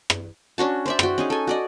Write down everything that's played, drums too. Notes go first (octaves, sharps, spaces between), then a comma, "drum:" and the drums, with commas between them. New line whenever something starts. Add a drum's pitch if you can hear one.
drum: rim click
C#4 D4 F#4 A5
C5 D5 E5
F#4 G5, drum: rim click
C#4 D#4 G#4
A4 G#5
F#4 D5 D#5